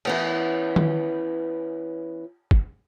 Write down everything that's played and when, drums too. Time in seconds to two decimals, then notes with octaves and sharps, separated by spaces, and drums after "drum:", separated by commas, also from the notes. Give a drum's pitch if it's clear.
0.05 E3 B3 C#4, drum: cymbal
0.76 drum: tom
2.51 drum: kick